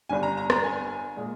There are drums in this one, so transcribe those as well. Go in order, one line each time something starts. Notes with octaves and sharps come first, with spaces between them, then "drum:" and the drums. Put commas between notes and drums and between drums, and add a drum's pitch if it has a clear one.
G1 G2 G3 G#5
A#5
A#5
A#5, drum: rim click
G#5
A#2 G#3